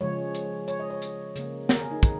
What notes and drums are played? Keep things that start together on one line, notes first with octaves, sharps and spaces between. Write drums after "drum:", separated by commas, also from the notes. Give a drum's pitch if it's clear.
C#3 F3 G#3 C#5
drum: hi-hat
C#5, drum: hi-hat
D#5
C#5
drum: hi-hat
C#3 A#3, drum: hi-hat
A#4, drum: snare
G#4
D#4
drum: kick, hi-hat